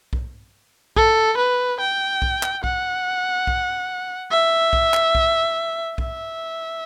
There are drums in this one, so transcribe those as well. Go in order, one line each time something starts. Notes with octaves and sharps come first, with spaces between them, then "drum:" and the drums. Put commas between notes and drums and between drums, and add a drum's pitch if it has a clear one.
drum: kick B1
A4, drum: kick B1
B4
G5
drum: kick B1
drum: clap
F#5, drum: kick B1
drum: kick B1
E5
drum: kick B1
drum: clap
drum: kick B1
E5, drum: kick B1